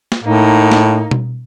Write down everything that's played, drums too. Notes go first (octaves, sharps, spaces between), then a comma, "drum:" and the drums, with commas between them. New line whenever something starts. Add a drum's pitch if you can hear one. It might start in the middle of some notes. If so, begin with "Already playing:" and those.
drum: snare
A2 A#3 D#4
drum: snare
drum: tom B2